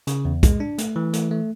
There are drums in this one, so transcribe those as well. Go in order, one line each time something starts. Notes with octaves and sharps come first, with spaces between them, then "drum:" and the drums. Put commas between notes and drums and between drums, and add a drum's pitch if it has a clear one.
C#3, drum: hi-hat
E2
G#3, drum: kick, hi-hat
D4
A3, drum: hi-hat
E3
A3, drum: hi-hat
A3